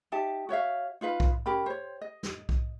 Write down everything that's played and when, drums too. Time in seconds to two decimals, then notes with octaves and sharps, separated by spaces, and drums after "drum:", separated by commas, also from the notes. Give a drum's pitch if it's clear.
0.12 D#4 G4 E5 A5
0.49 F#4 C#5 E5 F5
1.01 D#4 F4 B4 F5
1.20 drum: kick B1
1.46 C#4 G4 A#4 B5
1.66 C5 C#5
2.01 D#5
2.23 drum: snare
2.49 drum: kick B1